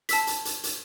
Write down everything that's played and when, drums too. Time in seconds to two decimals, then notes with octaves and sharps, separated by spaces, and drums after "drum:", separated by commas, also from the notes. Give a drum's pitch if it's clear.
0.09 A5 E6 B6, drum: hi-hat
0.27 drum: hi-hat
0.45 drum: hi-hat
0.64 drum: hi-hat